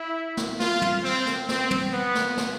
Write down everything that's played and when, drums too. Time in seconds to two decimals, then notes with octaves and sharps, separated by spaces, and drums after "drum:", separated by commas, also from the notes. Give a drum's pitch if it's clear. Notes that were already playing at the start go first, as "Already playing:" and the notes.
Already playing: E4
0.37 drum: snare
0.60 F4, drum: snare
0.82 drum: tom
1.03 C4
1.26 drum: snare
1.49 C4, drum: snare
1.71 drum: tom
1.92 B3
2.15 drum: snare
2.37 drum: snare